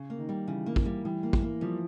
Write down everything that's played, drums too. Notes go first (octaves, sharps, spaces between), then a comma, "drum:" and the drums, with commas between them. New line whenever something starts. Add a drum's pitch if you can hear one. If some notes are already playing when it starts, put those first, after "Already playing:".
Already playing: C#3
A#3
D#3
G3
C#3 E3
A#3
drum: kick A1
G3
E3 G3
A#3
drum: kick A1
A#3
F3 G3